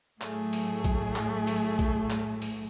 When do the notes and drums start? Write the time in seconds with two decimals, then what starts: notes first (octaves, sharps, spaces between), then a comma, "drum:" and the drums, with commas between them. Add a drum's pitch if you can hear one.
0.21 A2 F#3 A3 G#4, drum: clap
0.53 drum: open hi-hat
0.84 drum: kick A#1, hi-hat
1.16 drum: clap
1.47 drum: open hi-hat
1.79 drum: kick A#1, hi-hat
2.10 drum: clap
2.42 drum: open hi-hat